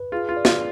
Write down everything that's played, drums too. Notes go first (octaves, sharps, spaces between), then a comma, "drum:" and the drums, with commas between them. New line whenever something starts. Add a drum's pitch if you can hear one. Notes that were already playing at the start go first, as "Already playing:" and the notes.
Already playing: B4
F4 G#4
F4
D5
F4, drum: snare